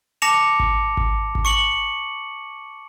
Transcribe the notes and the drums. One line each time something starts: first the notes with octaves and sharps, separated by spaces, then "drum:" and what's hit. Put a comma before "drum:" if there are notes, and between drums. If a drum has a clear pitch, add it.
A5 D6 A#6 C#7 E7 F7
drum: kick G#1
drum: kick G#1
drum: kick G#1
C#6 C#7 F#7